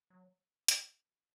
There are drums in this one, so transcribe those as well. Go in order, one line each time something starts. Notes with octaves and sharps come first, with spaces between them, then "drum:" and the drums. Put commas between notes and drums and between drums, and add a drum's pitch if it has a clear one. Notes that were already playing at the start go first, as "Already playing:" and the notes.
F#3
drum: hi-hat